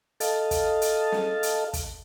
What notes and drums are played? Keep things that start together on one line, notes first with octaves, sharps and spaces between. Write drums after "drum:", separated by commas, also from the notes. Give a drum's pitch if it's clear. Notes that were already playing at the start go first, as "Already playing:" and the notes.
A4 D#5 F5 A5, drum: hi-hat
drum: kick, hi-hat
drum: hi-hat
drum: snare
drum: hi-hat
drum: kick, hi-hat